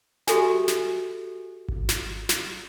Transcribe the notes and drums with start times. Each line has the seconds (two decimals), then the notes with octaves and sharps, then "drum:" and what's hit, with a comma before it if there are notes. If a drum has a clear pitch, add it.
0.27 F#4 G4 A4 E5 G#5, drum: snare
0.68 drum: snare
1.68 drum: kick G#1
1.89 drum: snare
2.29 drum: snare